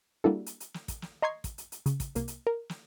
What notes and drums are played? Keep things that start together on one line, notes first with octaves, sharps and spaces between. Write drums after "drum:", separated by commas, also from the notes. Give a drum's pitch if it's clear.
G3 A#3 D4 E4 F#4 A4
drum: hi-hat
drum: hi-hat
drum: snare
drum: kick, hi-hat
drum: snare
D#5 A#5 C6 C#6 G#6 C7
drum: kick, hi-hat
drum: hi-hat
drum: hi-hat
C#3, drum: hi-hat
drum: kick, hi-hat
C2 A#3, drum: hi-hat
drum: hi-hat
A#4
drum: snare